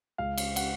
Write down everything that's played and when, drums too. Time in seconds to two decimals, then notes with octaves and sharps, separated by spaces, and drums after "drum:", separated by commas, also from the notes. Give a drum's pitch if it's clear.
0.18 C#2 C#3 F5
0.38 drum: cymbal
0.56 F#5, drum: cymbal